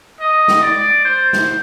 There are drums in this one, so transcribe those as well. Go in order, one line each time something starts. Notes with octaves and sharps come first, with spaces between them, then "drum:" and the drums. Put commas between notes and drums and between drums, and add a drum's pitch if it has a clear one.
D#5
drum: snare
D5
C5
drum: snare